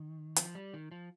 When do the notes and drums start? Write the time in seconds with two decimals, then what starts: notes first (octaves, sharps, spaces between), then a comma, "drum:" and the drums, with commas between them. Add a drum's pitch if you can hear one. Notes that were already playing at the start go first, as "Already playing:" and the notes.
Already playing: D#3
0.36 F3, drum: hi-hat
0.55 G3
0.74 D#3
0.91 F3